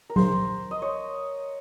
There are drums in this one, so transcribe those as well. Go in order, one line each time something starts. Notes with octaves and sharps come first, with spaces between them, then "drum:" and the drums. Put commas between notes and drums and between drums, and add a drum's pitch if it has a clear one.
A#4
C5, drum: tom F#3
D#5
C#5